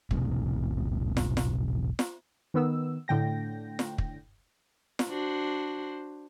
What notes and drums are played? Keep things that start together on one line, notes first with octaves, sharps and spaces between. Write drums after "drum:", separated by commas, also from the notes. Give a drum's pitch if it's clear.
E1 B1 A2 C3, drum: kick
drum: snare
drum: snare
drum: snare
D#3 B3 E6
A2 D3 G5 A#6
drum: snare
drum: kick
drum: snare
D4 F#4 C5